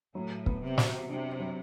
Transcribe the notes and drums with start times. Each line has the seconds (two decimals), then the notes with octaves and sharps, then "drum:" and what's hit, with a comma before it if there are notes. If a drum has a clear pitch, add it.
0.15 A2 F#3
0.46 B3, drum: kick
0.62 C3
0.78 F#4, drum: snare
1.09 C3 D4
1.40 F#3